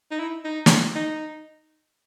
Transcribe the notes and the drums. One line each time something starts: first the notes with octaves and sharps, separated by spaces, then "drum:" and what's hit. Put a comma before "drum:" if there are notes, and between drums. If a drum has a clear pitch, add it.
D#4
E4
D#4
drum: snare
D#4